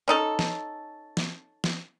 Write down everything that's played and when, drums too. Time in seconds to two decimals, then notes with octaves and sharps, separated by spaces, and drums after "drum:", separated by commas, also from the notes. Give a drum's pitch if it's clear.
0.08 C#4 D#4 A4
0.39 drum: snare
1.17 drum: snare
1.64 drum: snare